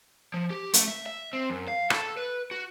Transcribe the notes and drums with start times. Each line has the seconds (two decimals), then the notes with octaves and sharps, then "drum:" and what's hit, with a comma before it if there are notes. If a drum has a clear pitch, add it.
0.34 F3
0.50 G4
0.74 A3, drum: hi-hat
0.88 E5
1.06 E5
1.33 C4
1.50 F#2
1.68 F5
1.90 A4, drum: rim click
2.17 B4
2.51 F#4